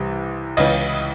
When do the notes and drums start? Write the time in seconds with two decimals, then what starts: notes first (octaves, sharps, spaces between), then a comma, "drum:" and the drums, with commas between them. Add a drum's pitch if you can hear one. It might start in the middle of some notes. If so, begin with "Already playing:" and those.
Already playing: C2 C3 E3
0.57 C#2 C#3 E3 D#5, drum: cymbal